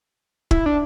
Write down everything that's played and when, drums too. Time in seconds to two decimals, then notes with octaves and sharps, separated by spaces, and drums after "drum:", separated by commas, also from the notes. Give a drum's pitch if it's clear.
0.51 E4, drum: kick
0.66 D4